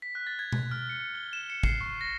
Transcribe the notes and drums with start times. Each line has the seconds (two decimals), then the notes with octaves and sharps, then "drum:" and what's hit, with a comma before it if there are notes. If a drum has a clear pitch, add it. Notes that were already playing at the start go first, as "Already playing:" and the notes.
0.02 B6
0.15 F#6
0.27 A6
0.39 G#6
0.52 drum: tom B2
0.71 F6
0.89 C#7
1.15 G7
1.33 E7
1.50 C#7
1.63 C7, drum: kick
1.81 C#6
2.01 A#6